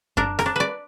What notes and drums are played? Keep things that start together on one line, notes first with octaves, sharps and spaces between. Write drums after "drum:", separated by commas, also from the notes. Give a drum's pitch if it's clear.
D4 A#4, drum: kick F#2
A#4, drum: rim click
D4
B4 D5